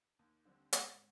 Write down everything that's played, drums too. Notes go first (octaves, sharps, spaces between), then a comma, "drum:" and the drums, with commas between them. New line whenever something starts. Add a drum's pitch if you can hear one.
D#2
D3 G3 C4
G#2 F#5, drum: hi-hat